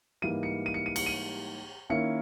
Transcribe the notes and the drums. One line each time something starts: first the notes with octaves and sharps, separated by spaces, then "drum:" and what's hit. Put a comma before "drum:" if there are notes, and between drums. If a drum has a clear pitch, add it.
G#2 E3 G3 A#3 E4 D#7
C#7
D#7
C#7
D#7
C#7, drum: cymbal
D#7
D#3 A#3 C#4 E4 C#7